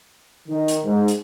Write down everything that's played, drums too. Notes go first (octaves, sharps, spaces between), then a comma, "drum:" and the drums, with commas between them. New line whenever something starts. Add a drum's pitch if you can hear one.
D#3
drum: hi-hat
G#2
drum: hi-hat